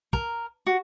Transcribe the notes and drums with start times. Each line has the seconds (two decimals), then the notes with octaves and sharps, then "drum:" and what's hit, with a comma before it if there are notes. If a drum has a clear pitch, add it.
0.13 A#4, drum: kick
0.67 F#4